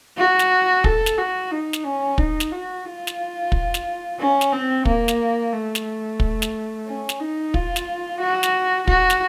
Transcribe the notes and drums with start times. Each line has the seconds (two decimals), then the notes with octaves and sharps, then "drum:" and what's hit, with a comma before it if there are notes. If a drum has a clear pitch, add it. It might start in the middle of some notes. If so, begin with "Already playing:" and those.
0.17 F#4
0.39 drum: snare
0.84 A4, drum: kick
1.06 drum: snare
1.18 F#4
1.51 D#4
1.73 drum: snare
1.84 C#4
2.18 D#4, drum: kick
2.40 drum: snare
2.52 F#4
2.85 F4
3.07 drum: snare
3.52 drum: kick
3.74 drum: snare
4.19 C#4
4.41 drum: snare
4.53 C4
4.85 A#3, drum: kick
5.08 drum: snare
5.53 A3
5.75 drum: snare
6.20 drum: kick
6.42 drum: snare
6.86 C#4
7.09 drum: snare
7.20 D#4
7.54 F4, drum: kick
7.76 drum: snare
8.20 F#4
8.43 drum: snare
8.87 F#4, drum: kick
9.10 drum: snare